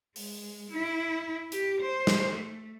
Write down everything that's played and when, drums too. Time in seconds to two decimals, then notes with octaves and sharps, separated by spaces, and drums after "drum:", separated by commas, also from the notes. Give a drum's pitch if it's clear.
0.16 G#3, drum: open hi-hat
0.70 E4
1.52 G4, drum: hi-hat
1.80 C5
2.07 drum: snare
2.34 A3